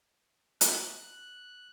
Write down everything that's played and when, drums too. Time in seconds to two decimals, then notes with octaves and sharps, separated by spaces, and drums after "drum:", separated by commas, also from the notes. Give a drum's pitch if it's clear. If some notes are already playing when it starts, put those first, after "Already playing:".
0.61 F#6, drum: hi-hat